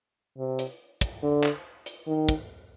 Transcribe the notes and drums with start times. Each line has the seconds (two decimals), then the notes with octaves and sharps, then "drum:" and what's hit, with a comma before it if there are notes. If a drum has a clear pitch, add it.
0.38 C3
0.59 drum: hi-hat
1.01 drum: kick, hi-hat
1.23 D3
1.44 drum: clap
1.86 drum: hi-hat
2.07 D#3
2.29 drum: kick, hi-hat